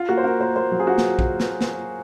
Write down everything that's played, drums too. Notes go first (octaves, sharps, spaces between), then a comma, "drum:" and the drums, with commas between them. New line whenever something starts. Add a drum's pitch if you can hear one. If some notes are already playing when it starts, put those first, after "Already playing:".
Already playing: F4
A#3 F#4
C5
F4 A#4
A#3 C5
A#3 C5
F#3
G#4
F4 F#4
drum: snare
drum: kick
drum: snare
drum: snare